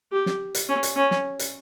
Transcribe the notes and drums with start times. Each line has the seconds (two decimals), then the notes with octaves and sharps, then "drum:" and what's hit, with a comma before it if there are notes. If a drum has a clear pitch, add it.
0.12 G4
0.26 drum: snare
0.55 drum: hi-hat
0.69 C#4
0.83 drum: hi-hat
0.96 C#4
1.11 drum: snare
1.39 drum: hi-hat